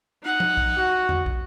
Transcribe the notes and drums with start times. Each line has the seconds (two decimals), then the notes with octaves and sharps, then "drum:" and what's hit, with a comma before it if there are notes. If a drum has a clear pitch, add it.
0.23 D#4 F#5
0.40 drum: tom F3
0.57 drum: kick
0.78 F#4
1.09 drum: tom E2
1.26 drum: kick